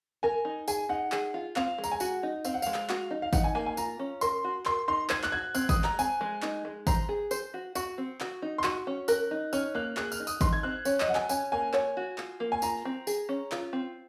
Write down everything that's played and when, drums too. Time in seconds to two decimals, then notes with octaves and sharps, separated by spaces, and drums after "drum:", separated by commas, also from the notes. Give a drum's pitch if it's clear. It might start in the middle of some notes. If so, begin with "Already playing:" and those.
0.23 A#4 G#5
0.45 D#4
0.68 G#4 G#5, drum: tambourine
0.89 D#4 F#5
1.12 G#4, drum: clap
1.34 F4
1.56 C4 F5, drum: clap
1.78 G#3
1.84 A#5, drum: tambourine
1.92 G#5
2.00 F#4 F#5, drum: tambourine
2.23 D#4
2.45 C4 F5, drum: tambourine
2.54 F#5
2.62 G#3 F5, drum: tambourine
2.74 drum: clap
2.89 F#4, drum: clap
3.11 D#4
3.22 F5
3.33 D#4 F#5, drum: kick G#1, tambourine
3.44 G#5
3.55 A#3 G#5
3.66 G#5
3.77 F4 A#5, drum: tambourine
3.99 C#4
4.21 A#4 C6, drum: tambourine
4.44 F#4
4.65 A#4 C6, drum: clap
4.88 D#4 C6
5.10 C5 G#6, drum: clap
5.23 F#6, drum: clap
5.32 F#4 G#6
5.55 C4 F#6, drum: tambourine
5.69 D#6, drum: kick G#1, tambourine
5.76 G#3
5.84 A#5, drum: clap
5.99 C4 G#5, drum: tambourine
6.21 G#3
6.42 D#4, drum: clap
6.65 G#3
6.87 C5 A#5, drum: kick G#1, tambourine
7.09 G#4
7.31 C5, drum: tambourine
7.54 F#4
7.75 F#4 C#6, drum: tambourine
7.98 C4
8.21 F#4, drum: clap
8.42 D#4
8.58 C6
8.64 F#4 C#6, drum: clap
8.87 C#4
9.08 A#4 F#6, drum: tambourine
9.31 D#4
9.53 C#4 F6, drum: tambourine
9.75 A#3 F#6
9.97 G#4 F#6, drum: clap
10.12 F6, drum: tambourine
10.20 D#4
10.27 D#6, drum: tambourine
10.41 D#4 C6, drum: kick G#1, tambourine
10.53 G#6
10.63 C4 F#6
10.85 C#4 C#5, drum: tambourine
11.00 D#5, drum: clap
11.07 F#3 F#5
11.15 G#5, drum: clap
11.29 C#4 G#5, drum: tambourine
11.52 A#3 G#5
11.74 C#5 G#5, drum: clap
11.97 F#4
12.18 F4, drum: clap
12.40 A#3
12.52 G#5
12.62 F4 A#5, drum: tambourine
12.85 C4
13.07 G#4, drum: tambourine
13.29 C#4
13.52 F4, drum: clap
13.73 C4